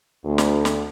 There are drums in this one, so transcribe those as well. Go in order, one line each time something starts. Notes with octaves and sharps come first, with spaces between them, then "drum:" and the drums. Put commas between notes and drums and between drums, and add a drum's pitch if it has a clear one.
D2
drum: snare
drum: snare